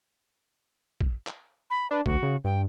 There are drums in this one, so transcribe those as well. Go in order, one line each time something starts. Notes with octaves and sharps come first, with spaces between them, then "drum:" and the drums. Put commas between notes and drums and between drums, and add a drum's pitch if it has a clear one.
drum: kick A#1
drum: clap
B5
D4 B4
D2 F#4, drum: kick A#1
C#3
G2 G5